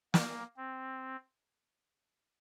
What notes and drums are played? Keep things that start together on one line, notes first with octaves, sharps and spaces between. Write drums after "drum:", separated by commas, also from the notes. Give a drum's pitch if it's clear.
A#3, drum: snare
C4